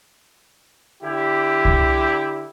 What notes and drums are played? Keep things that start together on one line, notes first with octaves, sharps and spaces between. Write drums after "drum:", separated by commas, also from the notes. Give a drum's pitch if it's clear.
D3 E4 G4
drum: kick C2